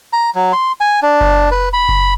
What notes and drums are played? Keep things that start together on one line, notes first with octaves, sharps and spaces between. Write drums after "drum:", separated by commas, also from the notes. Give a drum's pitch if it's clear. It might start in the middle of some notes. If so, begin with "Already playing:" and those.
A#5
F#3
C6
G#5
D4
drum: kick F#1
B4
B5
drum: kick F#1